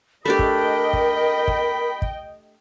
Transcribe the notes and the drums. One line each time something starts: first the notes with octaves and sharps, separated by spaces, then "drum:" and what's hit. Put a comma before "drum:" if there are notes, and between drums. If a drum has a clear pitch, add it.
A3 D4 G4 A#4 D#5 G5 B5
drum: kick
drum: kick
drum: kick
drum: kick